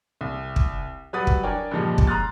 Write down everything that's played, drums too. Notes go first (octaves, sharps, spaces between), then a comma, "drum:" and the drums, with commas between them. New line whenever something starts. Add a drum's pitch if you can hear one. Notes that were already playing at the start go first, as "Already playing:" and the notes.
C2
drum: kick
F#3 G3 B4 F#5 D#6 A6
drum: kick
D4 A#4 C#5 D5 G5 G#5
G2 A#2 C#3 F3 G3 G#3
drum: kick
A#5 C6 D#6 F6 F#6 A6